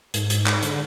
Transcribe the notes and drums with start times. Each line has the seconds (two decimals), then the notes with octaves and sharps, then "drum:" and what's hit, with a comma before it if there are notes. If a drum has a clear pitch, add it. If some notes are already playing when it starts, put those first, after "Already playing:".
0.14 G#2, drum: hi-hat
0.30 drum: hi-hat
0.46 drum: clap
0.63 D3, drum: hi-hat